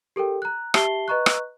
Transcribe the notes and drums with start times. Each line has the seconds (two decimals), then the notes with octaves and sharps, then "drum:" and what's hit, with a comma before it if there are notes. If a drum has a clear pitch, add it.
0.16 G4 A4 A#4 G5
0.42 A#5 F#6
0.74 G4 E5 A5 C7 G7, drum: rim click
1.08 B4 D#5 A#5 C#6 F#6
1.26 drum: rim click